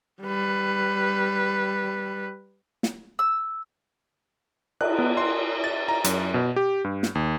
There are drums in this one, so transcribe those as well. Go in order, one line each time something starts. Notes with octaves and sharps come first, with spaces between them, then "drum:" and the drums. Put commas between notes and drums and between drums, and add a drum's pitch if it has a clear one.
G3 B4
drum: snare
E6
F#6, drum: cymbal
B3
C6
A6
A#5
F#2, drum: hi-hat
B2
G4
G2
drum: snare
D#2